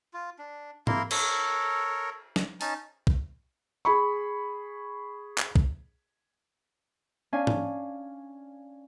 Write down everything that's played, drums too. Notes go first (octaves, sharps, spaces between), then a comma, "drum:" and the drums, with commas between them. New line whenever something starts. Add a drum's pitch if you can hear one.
F4
D4
A#3 E4 A#4 C6, drum: tom G#2
A4 A#4 C#5, drum: cymbal
drum: snare
C#4 D#4 A5, drum: open hi-hat
drum: kick
G#4 B5 C#6
drum: clap
drum: kick
C#4 D4 F5 G#5
drum: tom G#2